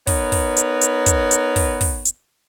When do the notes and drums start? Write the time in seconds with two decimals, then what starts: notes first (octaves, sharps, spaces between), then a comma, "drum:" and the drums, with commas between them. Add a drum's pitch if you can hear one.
0.07 B3 D#4 A#4 B4 C#5, drum: kick, open hi-hat
0.32 drum: kick, open hi-hat
0.57 drum: hi-hat
0.82 drum: hi-hat
1.06 drum: kick, hi-hat
1.31 drum: hi-hat
1.56 drum: kick, open hi-hat
1.81 drum: kick, open hi-hat
2.05 drum: hi-hat